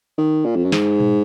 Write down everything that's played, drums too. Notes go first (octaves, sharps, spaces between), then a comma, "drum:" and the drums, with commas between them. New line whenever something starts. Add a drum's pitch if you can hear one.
D#3
A#2
F2
F#2
G#2, drum: snare
drum: tom A#2